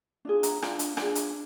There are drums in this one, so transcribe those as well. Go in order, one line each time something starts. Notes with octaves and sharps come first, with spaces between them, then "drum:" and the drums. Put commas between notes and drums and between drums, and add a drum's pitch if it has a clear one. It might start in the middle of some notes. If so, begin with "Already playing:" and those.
D4 F4 G#4
A#5, drum: hi-hat
D4 F4, drum: rim click
drum: hi-hat
D4 F4 G#4, drum: rim click
drum: hi-hat